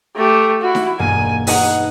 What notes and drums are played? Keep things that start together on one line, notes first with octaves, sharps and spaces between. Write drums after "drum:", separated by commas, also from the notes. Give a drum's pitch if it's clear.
A3 G4
E4 F#4
drum: snare D#4
E1 G2 A#3 G#5
D#4 B4 D#5 F#5, drum: open hi-hat